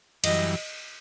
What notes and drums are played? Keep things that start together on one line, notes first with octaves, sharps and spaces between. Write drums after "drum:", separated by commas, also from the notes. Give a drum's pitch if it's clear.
F#2 E3 G3 D#5, drum: cymbal